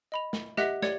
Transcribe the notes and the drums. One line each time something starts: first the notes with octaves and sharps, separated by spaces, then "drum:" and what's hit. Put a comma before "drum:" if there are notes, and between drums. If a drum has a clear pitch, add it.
D#5 B5 F7
drum: snare
G4 D#5 E5 F#5 F#6 B6, drum: snare
G4 C#5 D5 G#6 C#7, drum: snare